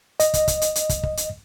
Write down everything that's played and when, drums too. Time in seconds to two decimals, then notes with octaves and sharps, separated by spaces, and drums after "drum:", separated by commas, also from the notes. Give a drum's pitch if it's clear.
0.20 D#5, drum: hi-hat
0.34 drum: kick, hi-hat
0.48 drum: kick, hi-hat
0.61 drum: hi-hat
0.75 drum: hi-hat
0.89 drum: kick, hi-hat
1.03 drum: kick
1.17 drum: hi-hat